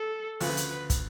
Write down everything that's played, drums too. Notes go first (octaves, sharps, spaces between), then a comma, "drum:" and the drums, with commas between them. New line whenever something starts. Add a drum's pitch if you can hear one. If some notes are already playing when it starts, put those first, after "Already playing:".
Already playing: A4
D2 C#3 F3 B4, drum: open hi-hat
drum: hi-hat
drum: kick, hi-hat